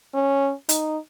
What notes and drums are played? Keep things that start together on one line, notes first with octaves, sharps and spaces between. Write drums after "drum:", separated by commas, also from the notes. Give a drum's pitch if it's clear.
C#4
D#4, drum: hi-hat